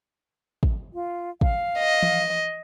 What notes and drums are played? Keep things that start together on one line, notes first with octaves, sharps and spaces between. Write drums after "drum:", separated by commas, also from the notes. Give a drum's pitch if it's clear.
drum: kick
F4
F5, drum: kick
D#5
drum: tom E3